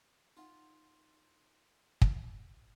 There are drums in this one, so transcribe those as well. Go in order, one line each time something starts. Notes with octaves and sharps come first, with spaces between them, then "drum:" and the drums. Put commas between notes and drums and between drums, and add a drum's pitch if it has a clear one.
D#4 F4 F#5
drum: kick